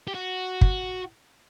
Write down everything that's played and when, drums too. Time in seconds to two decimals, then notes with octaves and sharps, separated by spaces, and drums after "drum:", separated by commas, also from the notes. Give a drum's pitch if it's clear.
0.08 G4
0.14 F#4
0.61 drum: kick